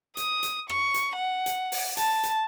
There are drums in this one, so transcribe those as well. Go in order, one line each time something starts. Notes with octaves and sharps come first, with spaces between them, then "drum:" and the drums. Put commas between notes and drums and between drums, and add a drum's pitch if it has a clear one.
D#6, drum: hi-hat
drum: hi-hat
C#6, drum: rim click
drum: hi-hat
F#5
drum: hi-hat
drum: open hi-hat
A5, drum: hi-hat
drum: hi-hat